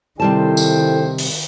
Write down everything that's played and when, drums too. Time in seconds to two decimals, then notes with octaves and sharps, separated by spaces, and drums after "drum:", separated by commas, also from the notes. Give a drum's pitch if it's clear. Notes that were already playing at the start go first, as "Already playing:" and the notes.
0.20 C3 D#3 G3 E4 A4 C5 G5 A5
0.57 drum: tambourine
1.18 drum: open hi-hat